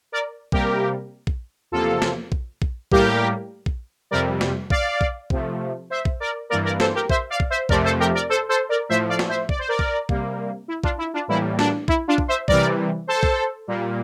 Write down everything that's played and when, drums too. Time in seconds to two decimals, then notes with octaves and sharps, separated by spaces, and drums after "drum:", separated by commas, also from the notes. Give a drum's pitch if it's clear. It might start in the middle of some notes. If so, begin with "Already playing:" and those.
0.12 A#4 D5
0.52 C3 G3 A#3 G4 A#4, drum: kick A#1
1.27 drum: kick A#1
1.71 E2 C3 F3 A#3 F4 A4
2.02 drum: snare
2.32 drum: kick A#1
2.62 drum: kick A#1
2.92 A2 G3 A#3 G4 A#4, drum: kick A#1
3.66 drum: kick A#1
4.11 F2 C3 G3 A#4 D5
4.41 drum: snare
4.70 D5 F5, drum: kick A#1
5.01 drum: kick A#1
5.30 C3 F3 A3, drum: kick A#1
5.90 C5 E5
6.05 drum: kick A#1
6.20 A#4 D5
6.50 G2 E3 A#3 A#4 D5
6.65 A#4 D5
6.80 A4 C5, drum: snare
6.94 G4 A#4
7.10 C5 E5, drum: kick A#1
7.30 D5 F5
7.40 drum: kick A#1
7.50 C5 E5
7.69 F2 C3 F3 A3 A#4 D5, drum: kick A#1
7.84 A4 C5
8.00 G4 A#4
8.15 A#4 D5
8.29 A4 C5
8.49 A4 C5
8.69 A#4 D5
8.89 A2 F3 A3 C5 E5
9.09 D5 F5
9.19 drum: snare
9.29 C5 E5
9.49 D5, drum: kick A#1
9.59 C5
9.68 A#4 D5
9.79 drum: kick A#1
10.09 C3 G3 A#3, drum: kick A#1
10.68 E4
10.84 D4 F4, drum: kick A#1
10.98 E4
11.14 D4 F4
11.28 A2 E3 G3 A#3 E4
11.59 D4, drum: snare
11.88 E4, drum: kick A#1
12.08 D4 F4
12.18 drum: kick A#1
12.28 C5 E5
12.48 C3 E3 G3 A#4 D5, drum: kick A#1
13.07 A4 C5
13.23 drum: kick A#1
13.67 A#2 G3 A#3